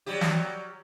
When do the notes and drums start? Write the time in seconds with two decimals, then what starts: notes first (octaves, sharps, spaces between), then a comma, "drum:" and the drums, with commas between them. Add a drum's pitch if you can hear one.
0.06 F#3 G3 G4
0.21 drum: snare